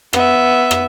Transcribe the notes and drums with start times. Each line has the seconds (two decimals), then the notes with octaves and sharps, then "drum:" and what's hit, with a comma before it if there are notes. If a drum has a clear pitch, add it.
0.13 B3 E5, drum: rim click
0.71 drum: rim click